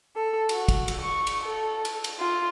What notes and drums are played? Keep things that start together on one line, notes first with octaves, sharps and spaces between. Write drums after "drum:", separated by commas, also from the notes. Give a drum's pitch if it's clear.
A4
F#4, drum: cymbal
drum: kick, cymbal
drum: cymbal
C#6
drum: cymbal
A4
drum: cymbal
drum: cymbal
F4